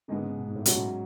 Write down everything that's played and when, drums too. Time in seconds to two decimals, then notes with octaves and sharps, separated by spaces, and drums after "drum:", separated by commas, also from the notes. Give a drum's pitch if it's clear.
0.08 G#2 D3 G#3 B3
0.22 C#3
0.37 B2
0.47 G#2
0.56 A2
0.66 G#2 B2 F#3 C#4 F#4, drum: hi-hat
0.75 A2